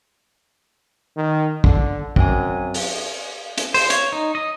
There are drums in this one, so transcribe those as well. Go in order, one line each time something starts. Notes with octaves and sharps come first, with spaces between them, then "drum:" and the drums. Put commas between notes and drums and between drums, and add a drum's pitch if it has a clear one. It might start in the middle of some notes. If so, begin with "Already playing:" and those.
D#3
D3, drum: kick
F#2 C4 G#5, drum: kick
drum: open hi-hat
drum: hi-hat
C5, drum: open hi-hat
C#5, drum: hi-hat
D#4
D#5